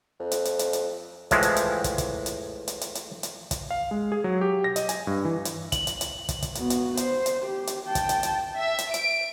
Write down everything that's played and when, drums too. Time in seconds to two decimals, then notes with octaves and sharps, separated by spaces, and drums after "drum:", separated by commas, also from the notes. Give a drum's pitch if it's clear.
0.20 F2
0.31 drum: hi-hat
0.45 drum: hi-hat
0.59 drum: hi-hat
0.73 drum: hi-hat
1.31 A2 E3 F3 G#3, drum: kick, hi-hat
1.43 drum: hi-hat
1.56 drum: hi-hat
1.84 drum: kick, hi-hat
1.98 drum: kick, hi-hat
2.26 drum: hi-hat
2.68 drum: hi-hat
2.81 drum: hi-hat
2.95 drum: hi-hat
3.23 drum: hi-hat
3.51 drum: kick, hi-hat
3.70 F5
3.91 G#3
4.12 G#4
4.24 F#3
4.41 G4
4.64 A#6
4.76 D#5, drum: hi-hat
4.89 G#5, drum: hi-hat
5.07 G2
5.25 E3
5.45 drum: hi-hat
5.72 F#7, drum: kick, hi-hat
5.87 drum: hi-hat
6.01 drum: hi-hat
6.29 drum: kick, hi-hat
6.42 drum: kick, hi-hat
6.55 B3 F#4, drum: hi-hat
6.70 drum: hi-hat
6.97 C5, drum: hi-hat
7.26 drum: hi-hat
7.45 G4
7.67 drum: hi-hat
7.86 G5 A5
7.95 drum: kick, hi-hat
8.09 drum: hi-hat
8.23 drum: hi-hat
8.57 E5
8.78 drum: hi-hat
8.94 D7, drum: hi-hat